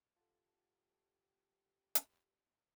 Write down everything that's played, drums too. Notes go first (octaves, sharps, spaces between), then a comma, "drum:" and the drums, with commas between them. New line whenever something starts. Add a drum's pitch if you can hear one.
F4 G4 A4 F#5 A5
drum: hi-hat